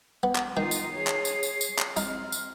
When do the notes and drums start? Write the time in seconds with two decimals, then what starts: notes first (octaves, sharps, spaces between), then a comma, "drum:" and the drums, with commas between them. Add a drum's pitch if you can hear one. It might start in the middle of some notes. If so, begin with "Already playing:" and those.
0.23 B3
0.35 drum: clap
0.57 D#3 D#4 F4 C7
0.71 drum: tambourine
0.93 G#4 C#5
1.07 drum: clap
1.25 drum: tambourine
1.43 drum: tambourine
1.61 drum: tambourine
1.79 drum: clap
1.97 C4 D#4 F6, drum: tambourine
2.32 drum: tambourine